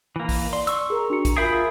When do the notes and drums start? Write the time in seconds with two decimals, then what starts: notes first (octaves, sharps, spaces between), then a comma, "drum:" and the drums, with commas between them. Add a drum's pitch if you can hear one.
0.16 E3 A#3
0.29 drum: kick, open hi-hat
0.53 D5 C6
0.67 C6 C#6 E6, drum: hi-hat
0.90 G#4 A#4 A#5
1.10 D4 F#4 C#7
1.25 drum: kick, hi-hat
1.37 F4 G#4 A#4 E5 B5 G6 C7 D7